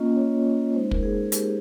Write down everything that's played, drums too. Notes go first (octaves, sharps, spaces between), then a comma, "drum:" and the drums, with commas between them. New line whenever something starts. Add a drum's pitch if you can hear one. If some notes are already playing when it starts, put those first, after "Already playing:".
Already playing: A#3 C#4 F4 D#5
C#5
G#3 D#4 C5
A#4, drum: kick
G#4
G4, drum: hi-hat